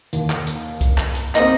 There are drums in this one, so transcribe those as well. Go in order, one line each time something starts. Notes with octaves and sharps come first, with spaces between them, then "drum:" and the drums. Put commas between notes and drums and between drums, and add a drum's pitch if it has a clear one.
D#2, drum: hi-hat
drum: clap
drum: hi-hat
drum: kick C2, hi-hat
drum: clap
drum: hi-hat
A#3 C4 D#4 D#6, drum: clap